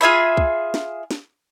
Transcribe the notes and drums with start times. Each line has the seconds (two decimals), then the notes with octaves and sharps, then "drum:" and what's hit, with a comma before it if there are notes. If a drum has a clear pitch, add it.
0.01 F4 G#4 E5 B5
0.37 drum: kick
0.74 drum: snare
1.11 drum: snare